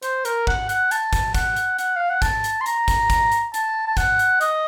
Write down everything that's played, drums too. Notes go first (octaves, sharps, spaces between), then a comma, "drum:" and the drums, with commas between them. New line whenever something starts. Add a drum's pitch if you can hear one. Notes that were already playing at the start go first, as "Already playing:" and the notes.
C5, drum: hi-hat
A#4, drum: hi-hat
F#5, drum: kick
F#5, drum: hi-hat
A5, drum: hi-hat
drum: kick, hi-hat
F#5, drum: kick, hi-hat
drum: hi-hat
F#5, drum: hi-hat
F5
F#5
A5, drum: kick, hi-hat
drum: hi-hat
C6
A#5, drum: hi-hat
drum: kick, hi-hat
drum: kick, hi-hat
drum: hi-hat
A5, drum: hi-hat
A5
F#5, drum: kick, hi-hat
drum: hi-hat
D#5, drum: hi-hat